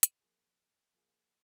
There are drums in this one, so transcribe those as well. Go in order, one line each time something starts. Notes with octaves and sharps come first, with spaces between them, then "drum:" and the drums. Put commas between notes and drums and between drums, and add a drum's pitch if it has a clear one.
drum: hi-hat
F3 A#3 F4 G#4
F3 A#3 F4 G#4